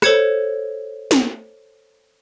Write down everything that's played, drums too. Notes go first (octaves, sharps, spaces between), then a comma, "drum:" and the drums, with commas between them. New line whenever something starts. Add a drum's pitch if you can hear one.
A4 C5 C#5 G#6 C#7 E7, drum: rim click
drum: snare